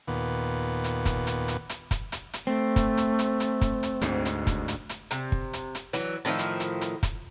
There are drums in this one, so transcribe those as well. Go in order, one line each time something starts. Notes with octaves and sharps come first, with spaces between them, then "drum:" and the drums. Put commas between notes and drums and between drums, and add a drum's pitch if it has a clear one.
D#2 A#2 B3
drum: hi-hat
drum: kick, hi-hat
drum: hi-hat
drum: hi-hat
drum: hi-hat
drum: kick, hi-hat
drum: hi-hat
drum: hi-hat
A3 C4
drum: kick, hi-hat
drum: hi-hat
drum: hi-hat
drum: hi-hat
drum: kick, hi-hat
drum: hi-hat
D2 G#2, drum: hi-hat
drum: hi-hat
drum: kick, hi-hat
drum: hi-hat
drum: hi-hat
C3, drum: hi-hat
drum: kick
drum: hi-hat
drum: hi-hat
E3 F#3, drum: hi-hat
A2 D#3 F3 E5
drum: hi-hat
drum: hi-hat
drum: hi-hat
drum: kick, hi-hat